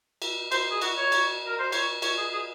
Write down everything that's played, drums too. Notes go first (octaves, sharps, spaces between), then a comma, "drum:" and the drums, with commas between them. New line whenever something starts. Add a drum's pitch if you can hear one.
drum: cymbal
C5, drum: cymbal
G#4
F#4, drum: cymbal
C#5
drum: cymbal
A#4
C5
C#5, drum: cymbal
C#5, drum: cymbal
G#4
G#4